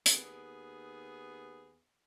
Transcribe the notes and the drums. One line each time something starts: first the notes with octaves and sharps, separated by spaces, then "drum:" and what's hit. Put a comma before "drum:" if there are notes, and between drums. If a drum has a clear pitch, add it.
D#2 B3 G#4, drum: hi-hat